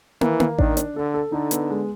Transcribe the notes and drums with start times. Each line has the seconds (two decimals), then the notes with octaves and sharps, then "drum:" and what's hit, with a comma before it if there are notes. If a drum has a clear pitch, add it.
0.21 E3 A#3, drum: tom
0.40 A#3, drum: tom
0.58 D#3 D4, drum: kick A1
0.77 D4, drum: hi-hat
0.96 D3 A4
1.14 A4
1.32 D3 D#4
1.51 B3, drum: hi-hat
1.70 G#3